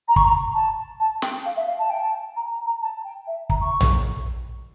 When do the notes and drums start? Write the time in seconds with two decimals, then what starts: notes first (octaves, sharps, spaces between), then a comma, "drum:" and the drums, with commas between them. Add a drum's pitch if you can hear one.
0.08 A#5
0.16 C#6, drum: kick
0.24 A#5
0.54 A5
1.00 A5
1.22 G5, drum: snare
1.45 F5
1.56 E5
1.68 F5
1.79 A5
1.90 G5
2.01 A5
2.36 A#5
2.51 A#5
2.66 A#5
2.82 A5
3.04 G5
3.27 E5
3.50 A#5, drum: kick
3.61 C#6
3.81 drum: tom A#1